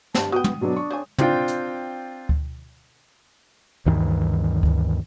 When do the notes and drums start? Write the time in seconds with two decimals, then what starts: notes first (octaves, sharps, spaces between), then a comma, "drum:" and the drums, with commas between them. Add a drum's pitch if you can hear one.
0.14 G2 A5, drum: snare
0.32 B3 F#4 G5 D#6
0.44 drum: tom
0.61 B2 F#3 B3 D4
0.76 C#6
0.91 C#3 C4 G#5
1.18 C4 D4 F4 G5, drum: tom
1.48 drum: hi-hat
2.29 drum: kick D2
3.86 D2 G2 D#3 E3
4.63 drum: kick D2